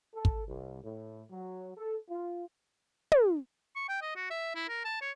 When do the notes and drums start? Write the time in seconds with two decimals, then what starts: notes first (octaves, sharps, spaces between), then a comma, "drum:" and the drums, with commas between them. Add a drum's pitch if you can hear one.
0.15 A4
0.25 drum: kick
0.47 C2
0.83 A2
1.30 F#3
1.76 A4
2.09 F4
3.12 drum: tom
3.76 C#6
3.89 G5
4.02 D#5
4.16 F#4
4.30 E5
4.55 E4
4.68 A#4
4.84 A5
5.01 C#5